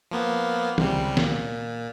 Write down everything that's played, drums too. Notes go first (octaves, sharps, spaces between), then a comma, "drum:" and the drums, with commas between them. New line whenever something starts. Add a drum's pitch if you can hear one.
F3 A#3 B3
C#2 C3 G3, drum: tom
A#2, drum: snare